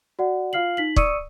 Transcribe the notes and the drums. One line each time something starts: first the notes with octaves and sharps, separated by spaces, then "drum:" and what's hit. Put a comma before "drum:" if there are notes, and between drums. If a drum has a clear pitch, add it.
F#4 D5 F#5
F4 F5 F6 C7 F#7
D#4 B6 F#7
D5 C#6 D#6 E6 C#7 D#7, drum: kick